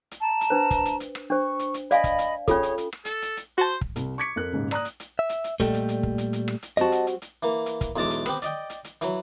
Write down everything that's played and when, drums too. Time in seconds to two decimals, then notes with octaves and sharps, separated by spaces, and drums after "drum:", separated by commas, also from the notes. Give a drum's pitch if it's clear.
0.11 drum: hi-hat
0.21 A5 A#5
0.41 drum: hi-hat
0.50 D4 B4 C5
0.71 drum: kick, hi-hat
0.85 drum: hi-hat
1.00 drum: hi-hat
1.15 drum: rim click
1.30 D4 C5 C#6
1.59 drum: hi-hat
1.74 drum: hi-hat
1.91 D5 D#5 F5 G#5 B5, drum: hi-hat
2.04 drum: kick, hi-hat
2.19 drum: hi-hat
2.48 C#4 F4 G#4 A4 C#5, drum: kick, hi-hat
2.63 drum: hi-hat
2.78 drum: hi-hat
2.93 drum: rim click
3.05 A4, drum: hi-hat
3.22 drum: hi-hat
3.37 drum: hi-hat
3.58 F#4 C5 A5
3.81 drum: kick
3.96 C2, drum: hi-hat
4.18 C#6 D6 G#6 B6 C#7
4.36 F2 A#4 F#6
4.52 D#1 G#2 C#3
4.71 D5 A#5 D#6 F#6, drum: rim click
4.85 drum: hi-hat
5.00 drum: hi-hat
5.19 E5
5.29 drum: hi-hat
5.44 drum: hi-hat
5.60 A#2 G3 A3 A4 D#5 G5, drum: kick, hi-hat
5.74 drum: hi-hat
5.89 drum: hi-hat
6.03 drum: kick
6.18 drum: hi-hat
6.33 drum: hi-hat
6.48 drum: rim click
6.62 drum: hi-hat
6.77 G3 C4 F#4 D#5 A5, drum: hi-hat
6.92 drum: hi-hat
7.07 drum: hi-hat
7.22 drum: hi-hat
7.43 E3 A#3
7.66 drum: hi-hat
7.81 drum: kick, hi-hat
7.96 B1 E2 G#3 A5 A#5 D6
8.10 drum: hi-hat
8.26 B3 C4 G4, drum: rim click
8.42 D5 D#5 G5, drum: hi-hat
8.70 drum: hi-hat
8.84 drum: hi-hat
9.01 E3 F#3, drum: hi-hat